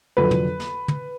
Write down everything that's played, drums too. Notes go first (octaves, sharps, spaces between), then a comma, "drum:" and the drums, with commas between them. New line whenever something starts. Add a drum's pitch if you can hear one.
F2 D3 F#3 B4
drum: tom
drum: snare
drum: tom